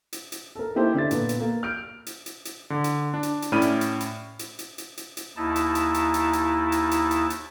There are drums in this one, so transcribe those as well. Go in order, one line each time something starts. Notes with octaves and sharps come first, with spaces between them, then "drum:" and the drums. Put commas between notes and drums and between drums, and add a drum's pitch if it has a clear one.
drum: hi-hat
drum: hi-hat
A4 A#4
A#3 D#4 E4 G4 A4 C5
D3 D4 E5 A6
A#2 B3 A4, drum: hi-hat
drum: hi-hat
A#3
F6 G6 D7
drum: hi-hat
drum: hi-hat
drum: hi-hat
D3
drum: hi-hat
D4
drum: hi-hat
drum: hi-hat
A2 C#4 D5 B5 F6 D#7
drum: hi-hat
drum: hi-hat
drum: hi-hat
drum: hi-hat
drum: hi-hat
drum: hi-hat
drum: hi-hat
drum: hi-hat
D#2 D#4 E4 A5
drum: hi-hat
drum: hi-hat
drum: hi-hat
drum: hi-hat
drum: hi-hat
drum: hi-hat
drum: hi-hat
drum: hi-hat
drum: hi-hat